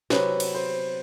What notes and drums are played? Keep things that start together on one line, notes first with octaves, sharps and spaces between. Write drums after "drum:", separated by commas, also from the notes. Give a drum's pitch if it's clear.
C3 F#3 B3 B4, drum: snare
drum: cymbal
C5